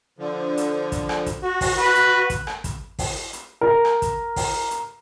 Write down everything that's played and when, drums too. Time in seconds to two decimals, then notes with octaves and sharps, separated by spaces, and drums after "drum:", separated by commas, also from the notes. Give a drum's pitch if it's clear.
0.19 D3 F3
0.57 drum: hi-hat
0.92 drum: kick, hi-hat
1.09 drum: rim click
1.26 drum: kick, hi-hat
1.42 F#4
1.61 drum: kick, open hi-hat
1.78 B4
1.95 drum: hi-hat
2.30 drum: kick, hi-hat
2.47 drum: rim click
2.64 drum: kick, hi-hat
2.99 drum: kick, open hi-hat
3.33 drum: hi-hat
3.61 A#4
3.85 drum: rim click
4.02 drum: kick, hi-hat
4.36 drum: kick, open hi-hat
4.71 drum: hi-hat